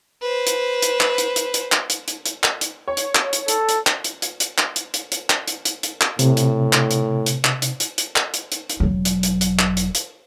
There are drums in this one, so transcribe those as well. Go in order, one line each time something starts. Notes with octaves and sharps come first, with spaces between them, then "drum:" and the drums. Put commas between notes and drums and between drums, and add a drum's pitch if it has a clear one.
B4 C5
drum: hi-hat
drum: hi-hat
drum: clap
drum: hi-hat
drum: hi-hat
drum: hi-hat
drum: clap
drum: hi-hat
drum: hi-hat
drum: hi-hat
drum: clap
drum: hi-hat
C#5
drum: hi-hat
drum: clap
drum: hi-hat
A4, drum: hi-hat
drum: hi-hat
drum: clap
drum: hi-hat
drum: hi-hat
drum: hi-hat
drum: clap
drum: hi-hat
drum: hi-hat
drum: hi-hat
drum: clap
drum: hi-hat
drum: hi-hat
drum: hi-hat
drum: clap
A2 C3, drum: hi-hat
drum: hi-hat
drum: clap
drum: hi-hat
drum: hi-hat
drum: clap
drum: hi-hat
drum: hi-hat
drum: hi-hat
drum: clap
drum: hi-hat
drum: hi-hat
drum: hi-hat
E1 F#3
drum: hi-hat
drum: hi-hat
drum: hi-hat
drum: clap
drum: hi-hat
drum: hi-hat